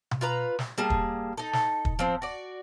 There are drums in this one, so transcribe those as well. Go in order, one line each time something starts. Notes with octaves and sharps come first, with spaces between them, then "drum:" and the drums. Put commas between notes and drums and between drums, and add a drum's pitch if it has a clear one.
drum: tom B2
F4 B4 A#5
drum: snare
G3 A#3 G#4 A5
drum: kick
D#4 A4
drum: snare
drum: kick
F3 C4
F#4 D5